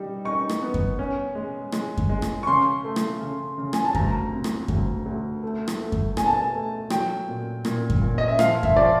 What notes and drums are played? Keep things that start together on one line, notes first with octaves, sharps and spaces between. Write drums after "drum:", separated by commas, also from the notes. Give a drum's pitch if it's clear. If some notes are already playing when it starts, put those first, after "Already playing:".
Already playing: G3 D#4
D#4 C#6
drum: rim click
B3
drum: kick F#2
C#4
G#3
G#3, drum: rim click
drum: kick F#2
G#3
drum: rim click
C#6
C#3 C6
A3
drum: rim click
C#3
C#3
G#5, drum: rim click
A5
D2 A#5, drum: kick F#2
C3
drum: rim click
D2, drum: kick F#2
D2
A3
drum: rim click
A3
drum: kick F#2
B2 G#5, drum: rim click
A5
G#5
A3
F#3 G5, drum: rim click
A#2
A#2, drum: rim click
drum: kick F#2
A#2
D#5
E5
F3 F5, drum: rim click
E5, drum: kick F#2
F3 D5